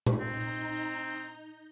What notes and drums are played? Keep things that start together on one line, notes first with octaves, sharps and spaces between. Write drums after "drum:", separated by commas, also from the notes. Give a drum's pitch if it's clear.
drum: tom A#2
C4 D#4 A#5 G6